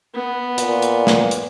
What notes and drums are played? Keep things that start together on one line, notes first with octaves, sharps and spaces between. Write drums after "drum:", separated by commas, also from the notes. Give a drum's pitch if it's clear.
B3
A#2, drum: hi-hat
drum: hi-hat
drum: snare
drum: hi-hat